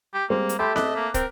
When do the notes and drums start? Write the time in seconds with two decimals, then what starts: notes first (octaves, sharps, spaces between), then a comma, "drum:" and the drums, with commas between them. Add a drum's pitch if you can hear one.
0.14 G4
0.30 G3 G#3 A#3 C4
0.49 drum: hi-hat
0.59 A3 G4 B5 C6
0.76 D#5 D6 F#6 B6, drum: snare C4
0.96 A#3
1.14 C4 A#4, drum: kick, hi-hat